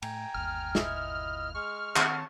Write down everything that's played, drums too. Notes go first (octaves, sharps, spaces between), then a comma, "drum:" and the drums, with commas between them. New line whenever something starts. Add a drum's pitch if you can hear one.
A2 G5 G#5 A#5, drum: cymbal
G1 D#2 F6
A#2 E4 D#5, drum: snare
G#3 C#6 F6
D#3 C4 C#5 F#5 A5, drum: clap